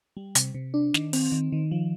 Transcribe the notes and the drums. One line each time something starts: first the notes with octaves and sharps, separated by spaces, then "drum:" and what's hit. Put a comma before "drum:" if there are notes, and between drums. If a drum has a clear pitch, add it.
G3
C3, drum: hi-hat
C3
D4
D#3, drum: snare
C4, drum: open hi-hat
D#3
D#3
F3